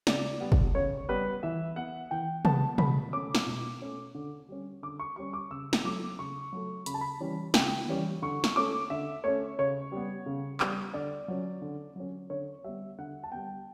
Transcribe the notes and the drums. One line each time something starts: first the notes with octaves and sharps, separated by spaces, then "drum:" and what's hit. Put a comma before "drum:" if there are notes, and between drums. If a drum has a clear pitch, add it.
C#3 D5, drum: snare
G3 B3
drum: kick
C#3 C#5
G3 B3 B4
E3 E5
B3 F#5
E3 G5
B3 A5, drum: tom C3
B2 B5, drum: tom C3
A3 C#4 D6
drum: snare
B2
A3 C#4
D3
G3 C#4
D3 D6
C#6
G3 C#4 C#6
D6
C#3 E6
drum: snare
F#3 A3 D6
C#3 C#6
F#3 A3
C#3 B5, drum: hi-hat
A5
B5
E3 G3 C#4
C#3 G5, drum: snare
E3 G3 C#4
D3 C#6
drum: snare
A3 C#4 D6
D3 E5
A3 C#4 C#5
C#3 C#5
G3 B3
C#3
G3 B3, drum: clap
D3 D5
F#3 C#4
D3
F#3 C#4
D3 C#5
G3 B3 E5
D3 F#5
A5
G3 B3 G5